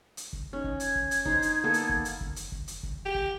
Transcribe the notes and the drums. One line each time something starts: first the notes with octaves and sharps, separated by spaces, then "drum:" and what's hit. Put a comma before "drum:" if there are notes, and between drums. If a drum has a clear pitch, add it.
drum: hi-hat
drum: kick
C#4 D#4
drum: kick
G#6, drum: hi-hat
drum: kick
drum: hi-hat
D#4 C5, drum: kick
drum: hi-hat
A#3 B3 A4
drum: hi-hat
drum: kick
drum: hi-hat
drum: kick
drum: hi-hat
drum: kick
drum: hi-hat
drum: kick
G4
drum: kick